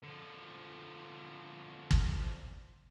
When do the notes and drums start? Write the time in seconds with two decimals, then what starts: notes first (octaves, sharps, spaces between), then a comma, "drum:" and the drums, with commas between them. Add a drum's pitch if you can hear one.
0.03 D3 F3
1.91 drum: kick